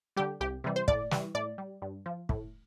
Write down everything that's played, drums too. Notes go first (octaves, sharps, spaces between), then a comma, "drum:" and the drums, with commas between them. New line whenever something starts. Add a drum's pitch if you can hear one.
D3 G3 G4
C2 G4
C3 E3 G3
C5
A2 D5, drum: kick
E3 G3, drum: snare
A2 D5
G3
G2
F3
A2, drum: kick